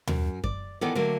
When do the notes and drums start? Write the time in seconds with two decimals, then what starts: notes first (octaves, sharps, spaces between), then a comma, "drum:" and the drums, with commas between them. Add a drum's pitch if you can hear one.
0.07 F#2, drum: tom D#2
0.44 D5, drum: kick F#2
0.81 D#3 E3 B3 A4 D5
0.95 D3 F#3 A3 A#3